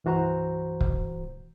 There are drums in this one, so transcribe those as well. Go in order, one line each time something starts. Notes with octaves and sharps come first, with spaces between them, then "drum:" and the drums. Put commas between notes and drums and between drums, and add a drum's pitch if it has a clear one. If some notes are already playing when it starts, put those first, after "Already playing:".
C2 G2 E3 F#4 C5 A#5
drum: kick